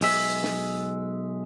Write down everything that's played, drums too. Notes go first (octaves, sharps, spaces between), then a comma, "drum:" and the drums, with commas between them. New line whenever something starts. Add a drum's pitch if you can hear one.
B1 G#3 E5, drum: open hi-hat
drum: snare